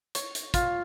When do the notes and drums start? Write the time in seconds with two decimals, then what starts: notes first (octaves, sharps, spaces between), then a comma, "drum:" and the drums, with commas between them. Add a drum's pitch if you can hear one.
0.15 C#5, drum: hi-hat
0.35 drum: hi-hat
0.54 F4, drum: kick, hi-hat